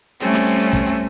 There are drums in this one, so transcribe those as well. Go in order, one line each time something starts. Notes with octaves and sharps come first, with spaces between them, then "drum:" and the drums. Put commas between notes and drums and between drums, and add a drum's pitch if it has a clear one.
G3 A3 C4 C#4, drum: hi-hat
drum: snare
drum: hi-hat
drum: hi-hat
drum: kick, hi-hat
drum: hi-hat